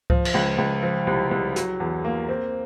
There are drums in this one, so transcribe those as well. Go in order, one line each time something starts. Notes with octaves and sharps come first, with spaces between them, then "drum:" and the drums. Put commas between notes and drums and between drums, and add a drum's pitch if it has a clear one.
F3, drum: kick C#2
drum: cymbal
C#2
C#2
F3
C2
C2
F#3, drum: hi-hat
E2
A#3
C4